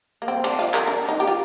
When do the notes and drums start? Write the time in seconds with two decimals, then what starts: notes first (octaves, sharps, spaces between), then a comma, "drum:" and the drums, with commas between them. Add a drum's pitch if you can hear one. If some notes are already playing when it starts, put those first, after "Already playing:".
0.22 A#3
0.28 C4
0.44 D4, drum: cymbal
0.59 F4
0.74 A#4, drum: clap
0.87 D4
1.09 D#4
1.20 G4
1.27 F4